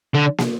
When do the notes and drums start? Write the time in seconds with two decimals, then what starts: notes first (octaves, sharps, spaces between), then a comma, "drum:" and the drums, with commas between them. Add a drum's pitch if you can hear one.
0.14 D3
0.38 drum: snare